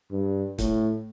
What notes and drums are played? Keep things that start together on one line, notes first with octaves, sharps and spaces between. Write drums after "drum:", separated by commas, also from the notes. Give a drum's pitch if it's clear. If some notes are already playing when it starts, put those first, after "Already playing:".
G2
A2, drum: kick, hi-hat